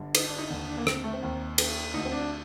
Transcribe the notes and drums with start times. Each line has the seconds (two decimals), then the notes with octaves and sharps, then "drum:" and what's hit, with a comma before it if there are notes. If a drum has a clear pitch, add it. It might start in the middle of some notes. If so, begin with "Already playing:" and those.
Already playing: G1 G2 D3
0.15 D#4, drum: cymbal
0.27 D4
0.38 D#4
0.50 D#2 D3
0.68 D4
0.77 A#3
0.87 C4, drum: rim click
1.04 A3
1.13 C4
1.22 D#2 D#3
1.58 drum: cymbal
1.94 D2 D3 D#4
2.05 C4
2.12 D4